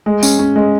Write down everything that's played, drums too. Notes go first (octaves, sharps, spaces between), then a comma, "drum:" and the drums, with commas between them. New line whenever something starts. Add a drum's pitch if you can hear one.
G#3
C#4, drum: tambourine
C#4
G#3